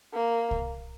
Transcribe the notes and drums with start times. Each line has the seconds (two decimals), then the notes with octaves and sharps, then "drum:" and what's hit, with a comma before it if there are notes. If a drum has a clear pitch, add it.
0.14 A#3
0.51 drum: kick C2